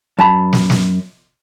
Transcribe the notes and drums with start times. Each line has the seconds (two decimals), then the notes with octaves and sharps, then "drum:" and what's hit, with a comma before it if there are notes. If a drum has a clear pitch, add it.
0.19 F#2 A5 B5
0.53 drum: snare
0.70 drum: snare